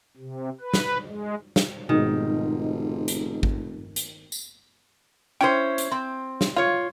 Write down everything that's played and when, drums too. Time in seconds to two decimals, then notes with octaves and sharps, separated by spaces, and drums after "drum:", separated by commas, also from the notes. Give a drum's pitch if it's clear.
0.17 C3
0.60 B4
0.74 drum: snare
1.06 G#3
1.56 drum: snare
1.89 F1 G#2 B2 D#3
3.08 drum: hi-hat
3.43 drum: kick G#1
3.96 drum: hi-hat
4.32 drum: tambourine
5.41 C#4 E4 C5 G5 C6
5.78 drum: hi-hat
5.91 C4
6.41 drum: snare
6.57 F4 C#5 F5